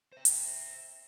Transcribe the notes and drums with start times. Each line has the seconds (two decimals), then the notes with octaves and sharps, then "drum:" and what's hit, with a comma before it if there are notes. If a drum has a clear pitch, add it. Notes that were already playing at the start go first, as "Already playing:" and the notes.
0.12 C5 E5
0.25 drum: hi-hat